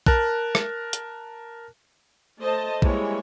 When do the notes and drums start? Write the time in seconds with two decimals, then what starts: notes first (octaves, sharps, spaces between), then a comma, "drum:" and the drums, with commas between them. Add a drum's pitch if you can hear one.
0.06 A#4 A5 F#6, drum: kick
0.55 drum: rim click
0.93 drum: hi-hat
2.41 A3 C5 D#5 A5
2.82 E3 G3 G#3 A#3 C#5, drum: kick